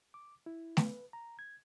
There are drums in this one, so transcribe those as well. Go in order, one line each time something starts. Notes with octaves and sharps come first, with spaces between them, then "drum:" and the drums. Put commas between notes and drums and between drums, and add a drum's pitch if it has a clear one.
D6
E4
B4, drum: snare A3
A#5
G#6